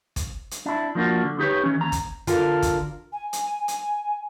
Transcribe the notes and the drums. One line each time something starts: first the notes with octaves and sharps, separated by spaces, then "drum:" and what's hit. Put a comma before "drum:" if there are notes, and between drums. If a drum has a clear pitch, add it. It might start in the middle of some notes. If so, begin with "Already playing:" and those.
drum: kick, hi-hat
drum: hi-hat
D4 E4
F3 A#3 D4 F#4
D3
D#4 G4 A#4 B4 C#5
E3 C#4
D#2 A#5
drum: kick, hi-hat
D3 F4 A4 A#4, drum: hi-hat
drum: kick, hi-hat
G#5
drum: hi-hat
drum: hi-hat